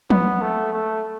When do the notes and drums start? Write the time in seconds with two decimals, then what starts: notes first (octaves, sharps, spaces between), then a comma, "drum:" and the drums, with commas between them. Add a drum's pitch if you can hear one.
0.10 B3, drum: tom F3
0.41 A3
0.73 A3